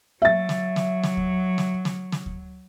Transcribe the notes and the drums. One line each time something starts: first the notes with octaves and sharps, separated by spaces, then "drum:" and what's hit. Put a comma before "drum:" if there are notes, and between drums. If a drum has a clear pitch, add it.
F#3 E5 A6
drum: snare
drum: snare
drum: snare
drum: kick D2
drum: snare
drum: snare
drum: snare
drum: kick D2